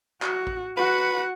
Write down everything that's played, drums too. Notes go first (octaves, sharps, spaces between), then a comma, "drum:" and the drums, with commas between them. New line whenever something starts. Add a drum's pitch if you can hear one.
F#4, drum: clap
drum: kick A1
F#4 B4 F#5